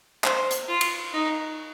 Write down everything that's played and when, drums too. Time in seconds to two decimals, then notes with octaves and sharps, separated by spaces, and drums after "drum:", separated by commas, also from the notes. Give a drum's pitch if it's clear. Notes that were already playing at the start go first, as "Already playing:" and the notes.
0.24 C5, drum: clap
0.51 drum: hi-hat
0.68 F4
0.81 drum: cymbal
1.13 D#4